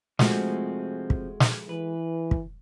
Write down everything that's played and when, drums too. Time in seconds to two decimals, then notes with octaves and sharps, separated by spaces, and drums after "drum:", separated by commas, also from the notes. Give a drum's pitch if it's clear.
0.19 C3 F3 G#3 A3 C4 F#4, drum: snare
1.10 drum: kick
1.40 drum: snare
1.69 E3 B4
2.31 drum: kick